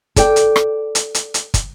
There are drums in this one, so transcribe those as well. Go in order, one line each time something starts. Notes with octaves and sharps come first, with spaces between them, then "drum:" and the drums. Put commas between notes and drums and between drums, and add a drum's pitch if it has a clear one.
A4 D5 G5, drum: kick, hi-hat
drum: hi-hat
drum: rim click
drum: hi-hat
drum: hi-hat
drum: hi-hat
drum: kick, hi-hat